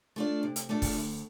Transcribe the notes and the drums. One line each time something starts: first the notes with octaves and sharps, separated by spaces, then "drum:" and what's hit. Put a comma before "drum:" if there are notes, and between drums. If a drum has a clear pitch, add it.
A3 D4 F4 D5
C3
drum: hi-hat
A3 D4 F4 D5
drum: kick, open hi-hat
D2